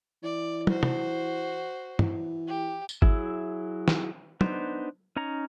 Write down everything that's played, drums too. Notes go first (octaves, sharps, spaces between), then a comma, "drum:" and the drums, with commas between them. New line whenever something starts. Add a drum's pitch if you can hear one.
E3 D5
F#4 C5, drum: tom
drum: tom
E3, drum: tom
G4
drum: tambourine
F#3 E4 G#4 E5, drum: kick G#1
drum: snare
B3 D4 D#4 C5, drum: tom
C#4 D#4 C#5 A#5